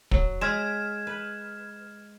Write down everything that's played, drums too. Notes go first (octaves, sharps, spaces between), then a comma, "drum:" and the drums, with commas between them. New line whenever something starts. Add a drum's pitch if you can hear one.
F#3, drum: kick
G#3 F6 G#6 E7
B4